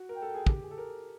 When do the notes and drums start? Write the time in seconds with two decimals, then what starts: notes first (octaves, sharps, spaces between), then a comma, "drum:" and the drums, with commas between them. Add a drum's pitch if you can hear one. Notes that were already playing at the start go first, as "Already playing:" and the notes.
Already playing: F#4
0.09 A#4
0.16 G5
0.22 A4
0.35 G#4
0.47 G4, drum: kick
0.63 G#4
0.71 A4
0.78 A#4